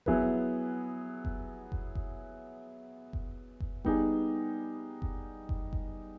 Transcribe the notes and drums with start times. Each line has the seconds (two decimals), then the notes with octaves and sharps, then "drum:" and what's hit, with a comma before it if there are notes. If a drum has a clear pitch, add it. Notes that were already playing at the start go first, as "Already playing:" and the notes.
0.06 F#3 B3 E4 G#4 B4, drum: kick F#1
1.25 drum: kick F#1
1.72 drum: kick F#1
1.95 drum: kick F#1
3.13 drum: kick F#1
3.60 drum: kick F#1
3.85 G3 B3 D#4 G#4, drum: kick F#1
5.02 drum: kick F#1
5.49 drum: kick F#1
5.73 drum: kick F#1